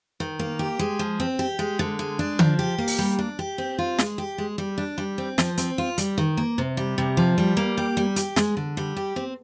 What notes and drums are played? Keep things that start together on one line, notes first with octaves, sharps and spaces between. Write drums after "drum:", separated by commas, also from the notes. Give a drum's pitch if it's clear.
D#3
A#3
G4
G#3
F3
C4
G4
G#3
D3
G#3
D4
F3, drum: tom D3
G4
A#3
drum: open hi-hat
G3
D4
G4
C4
F4
G#3, drum: snare
G4
G#3
G3
D4
G3
C4
F3, drum: snare
C4, drum: hi-hat
F4
G3, drum: hi-hat
D#3
A#3
C3
G3
C3
F3
G3
A#3
G4
G3
G4, drum: hi-hat
G#3, drum: snare
D3
G3
G4
C4